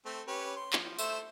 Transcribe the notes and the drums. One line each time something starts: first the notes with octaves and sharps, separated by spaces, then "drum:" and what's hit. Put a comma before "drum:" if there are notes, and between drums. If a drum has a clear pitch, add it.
A3 C4
C#4 G4 B4
C6
F3, drum: clap
A3 C5 E5, drum: tambourine